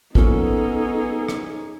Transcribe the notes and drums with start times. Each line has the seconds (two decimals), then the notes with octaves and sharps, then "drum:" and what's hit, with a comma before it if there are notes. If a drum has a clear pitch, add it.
0.15 F3 A#3 B3 C#4 D#4 G#4 A4, drum: kick
1.29 drum: rim click